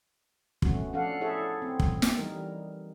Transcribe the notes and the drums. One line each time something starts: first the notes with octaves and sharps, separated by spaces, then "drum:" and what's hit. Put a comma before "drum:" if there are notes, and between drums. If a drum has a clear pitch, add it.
A3 B3 C#4 F#4, drum: kick
F3 C#4 D4 A4 F5 F#5
E4 G#4 A4 C#5 E5
C4
drum: kick
drum: snare
E3 G3 D#4 A#4